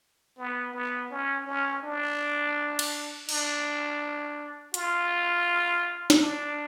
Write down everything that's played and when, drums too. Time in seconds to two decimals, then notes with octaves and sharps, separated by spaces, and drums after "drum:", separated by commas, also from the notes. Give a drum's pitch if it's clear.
0.38 B3
0.74 B3
1.11 C#4
1.46 C#4
1.83 D4
2.79 drum: cymbal
3.29 D4, drum: cymbal
4.74 F4, drum: hi-hat
6.10 drum: snare
6.19 D4